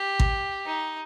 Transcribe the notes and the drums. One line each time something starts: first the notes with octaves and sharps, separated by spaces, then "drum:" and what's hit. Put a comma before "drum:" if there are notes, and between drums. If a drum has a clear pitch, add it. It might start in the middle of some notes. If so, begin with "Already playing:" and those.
Already playing: G4
drum: kick G#1
D#4